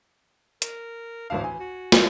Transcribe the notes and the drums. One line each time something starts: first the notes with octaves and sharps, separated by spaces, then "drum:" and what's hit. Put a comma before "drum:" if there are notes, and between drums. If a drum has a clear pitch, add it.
A#4, drum: hi-hat
A1 D2 D4 F5
E3 G#5
F#4
drum: snare